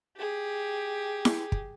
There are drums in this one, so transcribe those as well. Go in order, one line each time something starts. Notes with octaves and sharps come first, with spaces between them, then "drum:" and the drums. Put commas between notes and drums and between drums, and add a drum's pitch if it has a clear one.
G4 G#4
drum: snare E4
drum: kick